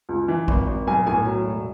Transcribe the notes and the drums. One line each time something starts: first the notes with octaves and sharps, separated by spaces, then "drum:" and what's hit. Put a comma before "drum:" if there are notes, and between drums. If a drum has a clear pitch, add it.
C#2
E3
G#1, drum: kick A#1
G#1
B1 G#5
A2 G#5
F#3
E1